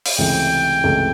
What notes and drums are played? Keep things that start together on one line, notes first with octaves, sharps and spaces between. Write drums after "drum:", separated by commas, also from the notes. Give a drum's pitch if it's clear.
drum: open hi-hat
C#2 C3 E3 A3 G5
C#2 C3 E3 A3